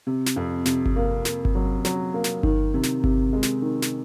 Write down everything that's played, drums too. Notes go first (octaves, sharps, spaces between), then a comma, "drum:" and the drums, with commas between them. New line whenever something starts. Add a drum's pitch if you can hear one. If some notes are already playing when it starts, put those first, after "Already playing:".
C3
drum: snare
F2
C3, drum: snare
drum: kick G1
A#3
A#3, drum: snare
drum: kick G1
F#3
F#3, drum: snare
A#3
drum: snare
D#3, drum: kick G1
C3
drum: snare
C3, drum: kick G1
G#3
drum: snare
D#3
drum: snare